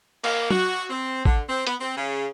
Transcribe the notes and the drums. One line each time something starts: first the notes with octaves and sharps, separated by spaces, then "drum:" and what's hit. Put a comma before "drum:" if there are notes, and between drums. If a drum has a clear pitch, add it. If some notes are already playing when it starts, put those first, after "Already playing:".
A#3, drum: cymbal
F#4, drum: tom
C4
D3, drum: kick A1
C4
B3, drum: hi-hat
C4
C#3